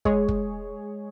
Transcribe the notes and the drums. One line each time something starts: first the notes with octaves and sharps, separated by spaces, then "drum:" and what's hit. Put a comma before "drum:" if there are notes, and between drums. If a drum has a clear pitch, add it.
G#3 G#4 C#5, drum: kick
drum: kick